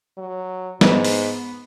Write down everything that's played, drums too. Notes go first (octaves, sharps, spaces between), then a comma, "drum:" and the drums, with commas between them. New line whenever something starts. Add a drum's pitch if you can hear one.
F#3
G#2 B3, drum: snare
drum: open hi-hat